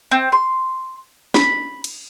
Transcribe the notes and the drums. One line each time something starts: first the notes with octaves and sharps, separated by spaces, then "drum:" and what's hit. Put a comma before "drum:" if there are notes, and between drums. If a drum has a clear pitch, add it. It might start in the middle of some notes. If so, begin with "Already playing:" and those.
C4
C6
B5, drum: snare C#4
drum: cymbal